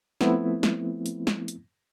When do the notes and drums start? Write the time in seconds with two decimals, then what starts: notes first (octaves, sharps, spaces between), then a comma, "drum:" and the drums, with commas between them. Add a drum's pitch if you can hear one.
0.21 F3 A3 B3 C4 E4, drum: snare
0.63 drum: snare
1.06 drum: hi-hat
1.27 drum: snare
1.48 drum: hi-hat